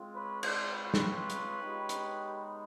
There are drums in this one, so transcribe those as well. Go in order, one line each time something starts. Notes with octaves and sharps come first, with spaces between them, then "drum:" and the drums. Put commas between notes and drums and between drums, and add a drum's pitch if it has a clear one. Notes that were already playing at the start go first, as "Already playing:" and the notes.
Already playing: G#3 C4 F4
B4 C#5
C5 D5, drum: cymbal
B4 C#5
drum: snare
drum: hi-hat
G#3 B3 D#4 G4
drum: hi-hat